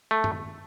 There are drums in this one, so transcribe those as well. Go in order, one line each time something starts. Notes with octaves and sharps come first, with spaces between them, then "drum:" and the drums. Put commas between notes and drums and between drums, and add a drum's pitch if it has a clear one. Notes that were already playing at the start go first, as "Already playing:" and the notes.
A3
drum: tom